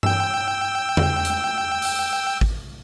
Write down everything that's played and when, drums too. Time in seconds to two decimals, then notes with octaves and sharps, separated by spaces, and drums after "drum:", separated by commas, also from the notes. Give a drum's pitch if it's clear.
0.03 G5 E6, drum: tom G2
0.97 drum: tom
1.25 drum: hi-hat
1.82 drum: open hi-hat
2.41 drum: kick G#1